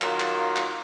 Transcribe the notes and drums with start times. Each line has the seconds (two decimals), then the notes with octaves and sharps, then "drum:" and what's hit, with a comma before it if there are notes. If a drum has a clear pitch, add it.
0.01 D#3 F#3 A#3 F4, drum: clap
0.20 drum: clap
0.56 drum: clap